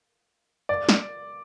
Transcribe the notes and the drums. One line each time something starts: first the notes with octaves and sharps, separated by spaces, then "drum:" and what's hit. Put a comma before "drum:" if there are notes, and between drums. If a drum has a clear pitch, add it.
D5
drum: snare